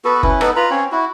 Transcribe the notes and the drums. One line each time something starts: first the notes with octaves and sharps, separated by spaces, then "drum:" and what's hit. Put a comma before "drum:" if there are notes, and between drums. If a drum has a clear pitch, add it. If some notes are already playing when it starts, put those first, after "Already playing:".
B3 F#4 A4 B4
C#4 E4 B4, drum: kick F#1
B3 D#4 A4 B4, drum: rim click
F4 B4 A#5 B5
C4 C#4 C#5
E4 F#4